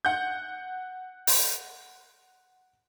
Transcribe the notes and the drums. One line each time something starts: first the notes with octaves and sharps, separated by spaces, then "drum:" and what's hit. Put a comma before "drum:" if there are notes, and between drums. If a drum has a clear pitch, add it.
F#5 G6
drum: open hi-hat